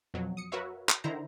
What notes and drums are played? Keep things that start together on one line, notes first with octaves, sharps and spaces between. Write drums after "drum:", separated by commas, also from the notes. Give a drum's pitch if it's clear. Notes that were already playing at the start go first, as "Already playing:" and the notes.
F2 B2 F#3
D#6 C#7
F#4 A#4 B4 C#5 E5 F5
drum: clap
D3 D#3 E4 C5 A#5